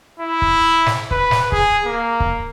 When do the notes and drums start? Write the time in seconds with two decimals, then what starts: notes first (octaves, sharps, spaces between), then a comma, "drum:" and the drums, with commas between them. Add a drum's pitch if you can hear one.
0.19 E4
0.42 drum: kick C#1
0.86 drum: snare
1.11 B4, drum: kick C#1
1.31 drum: snare
1.52 G#4, drum: kick C#1
1.85 A#3
2.20 drum: kick C#1